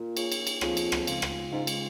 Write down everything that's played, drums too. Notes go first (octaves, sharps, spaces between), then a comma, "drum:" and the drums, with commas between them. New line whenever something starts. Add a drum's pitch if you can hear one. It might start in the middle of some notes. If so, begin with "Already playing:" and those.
Already playing: A#2
A#3 F4 G#4 C#5, drum: cymbal
drum: cymbal
drum: cymbal
F2 A#3 F4 G#4 C#5, drum: rim click
drum: cymbal
drum: rim click
C#3 G#3 F4, drum: cymbal
drum: rim click
G#2 C#3 G#3 F4
drum: cymbal